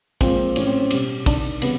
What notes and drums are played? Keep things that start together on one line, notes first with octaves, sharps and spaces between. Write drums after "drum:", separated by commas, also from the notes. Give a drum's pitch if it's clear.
A#2 F3 G#3 C4, drum: kick, cymbal
A2 F#3 C#4, drum: cymbal
C4
C#4
B2 G3, drum: cymbal
C3 D#3 G3 D4, drum: kick, cymbal
C#3 E3 G3 B3, drum: cymbal